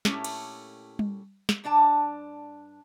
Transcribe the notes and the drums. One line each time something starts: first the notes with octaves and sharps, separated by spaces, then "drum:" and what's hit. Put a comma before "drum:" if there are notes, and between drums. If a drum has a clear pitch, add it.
A#2 A3 C#4 E4 G4, drum: snare
drum: cymbal
drum: tom G3
drum: snare
G2 D4 D5 A5